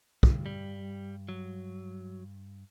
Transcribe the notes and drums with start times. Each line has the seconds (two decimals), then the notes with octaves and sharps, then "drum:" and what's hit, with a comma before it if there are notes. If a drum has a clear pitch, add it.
0.23 G2, drum: kick
0.46 G3
1.29 F#3